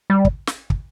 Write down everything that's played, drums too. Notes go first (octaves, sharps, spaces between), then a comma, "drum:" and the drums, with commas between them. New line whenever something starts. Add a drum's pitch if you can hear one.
G3
drum: kick
drum: snare
drum: kick